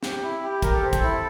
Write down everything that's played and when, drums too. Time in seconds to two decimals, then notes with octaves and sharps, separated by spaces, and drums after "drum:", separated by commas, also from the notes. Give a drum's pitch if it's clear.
0.03 G4, drum: snare
0.23 E4
0.43 G4
0.62 G4 A#4, drum: kick, hi-hat
0.73 A4
0.83 C4
0.93 A4, drum: kick, hi-hat
1.03 E4